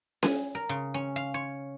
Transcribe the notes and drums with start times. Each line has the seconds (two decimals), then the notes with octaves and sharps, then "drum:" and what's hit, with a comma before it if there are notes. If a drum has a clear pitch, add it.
0.23 G#5, drum: snare C#4
0.55 A#4
0.69 C#3
0.94 C#4
1.16 F5
1.34 C#5